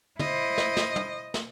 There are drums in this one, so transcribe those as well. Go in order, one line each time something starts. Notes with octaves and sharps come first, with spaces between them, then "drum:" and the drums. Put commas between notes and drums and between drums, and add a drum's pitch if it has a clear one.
E4 C5 D#5, drum: tom
drum: snare
drum: snare
drum: tom
drum: snare